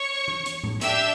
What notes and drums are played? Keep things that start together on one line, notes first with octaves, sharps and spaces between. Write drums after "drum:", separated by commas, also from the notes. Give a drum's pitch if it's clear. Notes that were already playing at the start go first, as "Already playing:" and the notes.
Already playing: C#5 C#6
drum: tom E3
drum: hi-hat
drum: tom A2
D4 G4 E5 E6, drum: hi-hat